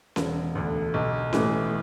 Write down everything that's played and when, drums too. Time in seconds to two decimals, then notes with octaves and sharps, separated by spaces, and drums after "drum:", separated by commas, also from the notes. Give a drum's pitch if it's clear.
0.16 E1, drum: snare C#4
0.55 D2 D3
0.94 B1
1.33 A2 E3, drum: snare C#4